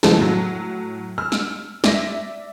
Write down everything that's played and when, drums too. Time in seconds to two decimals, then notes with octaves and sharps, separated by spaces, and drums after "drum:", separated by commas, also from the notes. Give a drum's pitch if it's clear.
0.03 C#3 E3 F3 G3 G#3 A4, drum: snare
0.18 A2 F#3
1.18 E6 F6
1.32 drum: snare
1.84 D5 E5 A#6, drum: snare